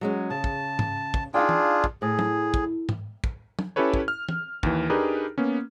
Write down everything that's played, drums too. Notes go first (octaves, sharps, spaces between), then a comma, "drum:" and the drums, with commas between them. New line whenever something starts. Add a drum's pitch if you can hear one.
F#3 G#3 C#4
C#3 A5
drum: kick
drum: tom G#2
drum: kick
D4 D#4 F4 G#4 F5 G5
drum: tom
drum: kick
A2 G#4
drum: tom
drum: kick
drum: tom G#2
drum: kick
drum: tom
C#4 E4 G4 A4 B4 C#5
drum: kick
F6
drum: tom
D#2 E3, drum: kick
D4 D#4 G4 G#4 A#4 B4
A#3 B3 C#4